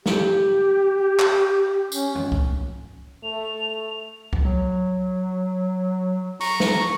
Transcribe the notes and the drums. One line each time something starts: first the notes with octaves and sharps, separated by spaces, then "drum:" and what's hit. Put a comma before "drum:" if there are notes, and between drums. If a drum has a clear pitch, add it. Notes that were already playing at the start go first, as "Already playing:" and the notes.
G4, drum: snare
drum: clap
C#4, drum: tambourine
drum: tom
drum: kick C2
A3 F7
drum: kick C2
F#3
A#5 C#6, drum: open hi-hat
drum: snare